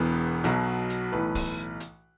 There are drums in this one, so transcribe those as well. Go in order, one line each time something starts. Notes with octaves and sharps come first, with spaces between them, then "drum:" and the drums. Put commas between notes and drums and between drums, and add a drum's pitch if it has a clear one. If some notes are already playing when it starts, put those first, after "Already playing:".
Already playing: E1 E2 E3 B3
B1 B2 F#3, drum: hi-hat
drum: hi-hat
B1 A2 E3 B4
drum: kick, open hi-hat
drum: hi-hat